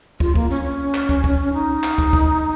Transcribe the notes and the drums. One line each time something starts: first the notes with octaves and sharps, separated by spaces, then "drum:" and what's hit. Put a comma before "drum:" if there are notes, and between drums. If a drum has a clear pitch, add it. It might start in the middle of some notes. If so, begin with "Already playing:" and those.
F4, drum: kick
A#3, drum: kick
C#4
C#4
drum: clap
drum: kick
drum: kick
D#4
drum: clap
drum: kick
drum: kick